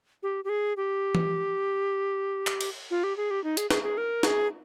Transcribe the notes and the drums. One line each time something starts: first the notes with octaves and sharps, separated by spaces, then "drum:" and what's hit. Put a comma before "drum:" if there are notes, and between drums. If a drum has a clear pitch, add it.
G4
G4
G#4
G4
drum: tom E3
drum: clap
drum: cymbal
F4
G4
G#4
G4
D#4
G#4, drum: hi-hat
G#4, drum: snare
G#4
A#4
G#4, drum: snare